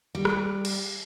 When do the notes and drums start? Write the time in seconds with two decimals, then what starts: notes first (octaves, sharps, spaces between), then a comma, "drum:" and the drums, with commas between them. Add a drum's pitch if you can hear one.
0.15 G3
0.25 drum: rim click
0.65 drum: cymbal